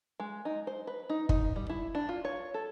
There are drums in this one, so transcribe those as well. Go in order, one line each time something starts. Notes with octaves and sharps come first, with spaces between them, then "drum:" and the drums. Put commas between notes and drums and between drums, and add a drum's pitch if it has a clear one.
G#3
D#4
C5
B4
D#4
D#4, drum: kick
G3
E4
D4
F4
C#5
A4